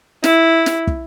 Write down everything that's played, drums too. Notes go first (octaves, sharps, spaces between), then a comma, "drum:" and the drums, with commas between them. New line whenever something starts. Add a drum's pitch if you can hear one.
E4, drum: snare
drum: snare
drum: kick